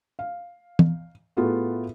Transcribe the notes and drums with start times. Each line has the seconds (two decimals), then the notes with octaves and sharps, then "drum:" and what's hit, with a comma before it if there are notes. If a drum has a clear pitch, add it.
0.19 F5
0.79 drum: tom E3
1.37 A2 A3 B3 F4 F#4 G#4